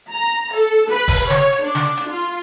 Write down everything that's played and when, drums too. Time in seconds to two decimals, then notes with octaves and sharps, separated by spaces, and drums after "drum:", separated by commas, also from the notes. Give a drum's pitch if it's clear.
0.11 A#5
0.54 A4
0.91 B4
1.08 drum: kick F1, open hi-hat
1.30 C#5, drum: snare
1.53 drum: hi-hat
1.64 D4
1.75 drum: snare
1.97 drum: hi-hat
2.10 F4